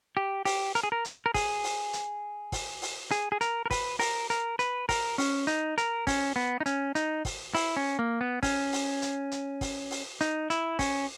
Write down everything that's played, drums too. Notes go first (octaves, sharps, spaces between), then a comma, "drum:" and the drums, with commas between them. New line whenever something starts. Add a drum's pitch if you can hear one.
G4
G4, drum: open hi-hat
A#4, drum: hi-hat
G#4
A#4
drum: hi-hat
A#4
G#4, drum: kick, open hi-hat
drum: open hi-hat
drum: hi-hat
drum: kick, open hi-hat
drum: open hi-hat
G#4, drum: hi-hat
G#4
A#4, drum: hi-hat
A#4
B4, drum: kick, open hi-hat
A#4, drum: open hi-hat
A#4, drum: hi-hat
B4, drum: hi-hat
A#4, drum: kick, open hi-hat
C#4, drum: open hi-hat
D#4, drum: hi-hat
A#4, drum: hi-hat
C#4, drum: kick, open hi-hat
B3
D#4
C#4, drum: hi-hat
D#4, drum: hi-hat
drum: kick, open hi-hat
E4, drum: open hi-hat
C#4
A#3
B3
C#4, drum: kick, open hi-hat
drum: open hi-hat
drum: hi-hat
drum: hi-hat
drum: kick, open hi-hat
drum: open hi-hat
D#4, drum: hi-hat
E4, drum: hi-hat
C#4, drum: kick, open hi-hat